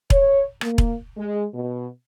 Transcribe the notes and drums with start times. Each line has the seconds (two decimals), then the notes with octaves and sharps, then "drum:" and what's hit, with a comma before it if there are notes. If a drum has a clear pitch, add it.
0.10 C#5, drum: kick E1
0.61 A#3, drum: rim click
0.78 drum: kick E1
1.16 G#3
1.53 B2